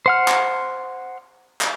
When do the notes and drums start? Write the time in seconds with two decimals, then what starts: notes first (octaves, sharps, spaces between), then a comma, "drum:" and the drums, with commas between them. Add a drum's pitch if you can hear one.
0.06 C5 F#5 F6
0.28 drum: clap
1.61 drum: clap